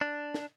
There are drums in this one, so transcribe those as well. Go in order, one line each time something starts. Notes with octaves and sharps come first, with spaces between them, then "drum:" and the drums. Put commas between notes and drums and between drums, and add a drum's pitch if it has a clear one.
D4
drum: snare